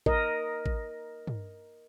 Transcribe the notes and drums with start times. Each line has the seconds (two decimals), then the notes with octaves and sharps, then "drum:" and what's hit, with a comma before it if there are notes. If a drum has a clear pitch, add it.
0.06 A#4 D#5, drum: kick A1
0.66 drum: kick A1
1.27 drum: tom